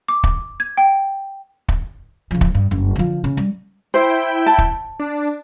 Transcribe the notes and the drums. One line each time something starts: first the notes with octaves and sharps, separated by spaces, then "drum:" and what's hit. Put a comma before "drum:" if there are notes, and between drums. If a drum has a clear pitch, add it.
D6
drum: kick
G#6
G5
drum: kick
C#3 F3
drum: kick
G2
F#1 G2
D3 F3
C#3
G3
E4 C5 G5
A5
drum: kick
D4